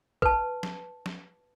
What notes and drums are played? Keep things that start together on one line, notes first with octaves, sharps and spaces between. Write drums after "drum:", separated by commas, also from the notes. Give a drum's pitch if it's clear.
B4 A5, drum: kick
drum: snare
drum: snare